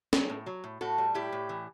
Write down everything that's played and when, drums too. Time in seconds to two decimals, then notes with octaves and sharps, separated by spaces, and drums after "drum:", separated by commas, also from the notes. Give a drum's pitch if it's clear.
0.13 F#3, drum: snare
0.30 A2
0.46 F#3
0.64 A2
0.81 A2 F#4 A4
0.98 G3
1.14 A2 E4 G4
1.32 A2
1.49 E3